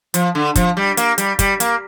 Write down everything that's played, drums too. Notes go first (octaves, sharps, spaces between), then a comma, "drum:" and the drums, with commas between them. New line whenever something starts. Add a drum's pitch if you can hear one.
F3, drum: hi-hat
D3
F3, drum: kick, hi-hat
G3
A#3, drum: hi-hat
G3, drum: hi-hat
G3, drum: kick, hi-hat
A#3, drum: hi-hat